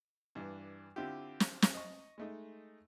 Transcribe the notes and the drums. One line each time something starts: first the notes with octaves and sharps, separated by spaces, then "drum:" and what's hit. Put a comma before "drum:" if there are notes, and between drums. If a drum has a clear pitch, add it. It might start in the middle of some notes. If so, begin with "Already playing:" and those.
G2 E3 D4
D3 C4 E4 F4 G4
drum: snare
drum: snare
D#5 C#6
G#3 A3 D#4